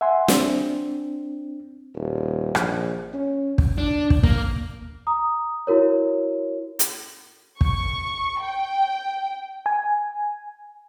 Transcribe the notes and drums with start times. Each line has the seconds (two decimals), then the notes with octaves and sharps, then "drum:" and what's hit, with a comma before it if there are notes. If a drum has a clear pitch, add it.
0.01 E5 F#5 G#5 C6
0.28 C4 D4, drum: snare
1.95 D#1
2.55 A#1, drum: rim click
3.13 C#4
3.58 drum: kick
3.78 D4
4.10 drum: kick
4.23 A#3, drum: kick
5.07 A#5 D#6
5.67 E4 F#4 A#4 C#5
6.79 drum: hi-hat
7.61 C#6, drum: kick
8.42 G5
9.66 G#5